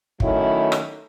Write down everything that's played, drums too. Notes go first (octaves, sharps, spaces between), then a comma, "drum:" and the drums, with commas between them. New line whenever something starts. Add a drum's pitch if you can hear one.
D#3 F#3 A3 C#4 E4, drum: kick
drum: rim click